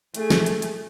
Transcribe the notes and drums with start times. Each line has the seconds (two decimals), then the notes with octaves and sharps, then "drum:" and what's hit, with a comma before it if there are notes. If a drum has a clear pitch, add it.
0.14 A3 G#4, drum: hi-hat
0.30 drum: snare
0.46 drum: hi-hat
0.62 drum: hi-hat